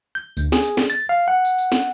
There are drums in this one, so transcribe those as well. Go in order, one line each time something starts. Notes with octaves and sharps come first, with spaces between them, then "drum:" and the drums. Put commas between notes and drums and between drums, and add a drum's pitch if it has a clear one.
G6
D2, drum: tambourine
G#4, drum: snare
drum: tambourine
drum: snare
A6, drum: tambourine
F5
F#5
drum: tambourine
drum: tambourine
drum: snare